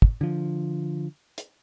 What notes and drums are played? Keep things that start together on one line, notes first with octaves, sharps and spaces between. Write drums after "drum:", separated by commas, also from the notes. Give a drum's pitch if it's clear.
drum: kick
D3 F3
drum: hi-hat